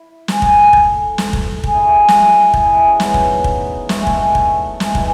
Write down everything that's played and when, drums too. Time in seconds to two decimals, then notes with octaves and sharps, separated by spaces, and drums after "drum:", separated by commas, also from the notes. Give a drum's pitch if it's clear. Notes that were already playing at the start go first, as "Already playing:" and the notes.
Already playing: E4
0.28 G#4, drum: snare
0.42 G#4, drum: kick
0.57 A4
0.73 A4, drum: kick
1.18 drum: snare
1.33 drum: kick
1.64 G#4, drum: kick
1.75 E4
1.85 F#4
1.97 G#4
2.08 F#4, drum: snare
2.19 G#4
2.32 A4
2.43 A4
2.54 G#4, drum: kick
2.65 E4
2.76 D#4
2.87 C#4
3.00 B3, drum: snare
3.14 drum: kick
3.44 drum: kick
3.89 A3, drum: snare
3.99 G#3
4.07 A3, drum: kick
4.35 drum: kick
4.80 G#3, drum: snare
4.95 E3, drum: kick